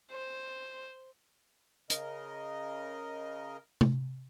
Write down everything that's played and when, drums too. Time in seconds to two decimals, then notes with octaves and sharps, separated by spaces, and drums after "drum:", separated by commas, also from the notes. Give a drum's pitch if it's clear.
0.11 C5
1.90 C#3 A#4 D#5, drum: hi-hat
3.81 drum: tom C3